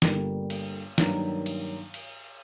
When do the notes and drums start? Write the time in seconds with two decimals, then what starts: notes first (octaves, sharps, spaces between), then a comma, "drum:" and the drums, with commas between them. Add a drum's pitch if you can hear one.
0.02 G1 G2 D3 G3 A#3, drum: snare
0.50 drum: cymbal
0.98 G2 D#3 F#3 A#3, drum: snare
1.46 drum: cymbal
1.94 drum: cymbal